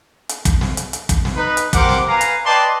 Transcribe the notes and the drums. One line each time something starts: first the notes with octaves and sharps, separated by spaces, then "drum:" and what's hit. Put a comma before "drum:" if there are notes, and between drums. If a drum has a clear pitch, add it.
drum: hi-hat
drum: kick, hi-hat
drum: snare
drum: hi-hat
drum: hi-hat
drum: kick, hi-hat
drum: snare
D#4 B4
drum: hi-hat
G4 A#4 C5 F#5 D6, drum: kick, hi-hat
drum: snare
B4 F5 G#5 A#5
drum: hi-hat
B4 D5 D#5 G5 A5 C6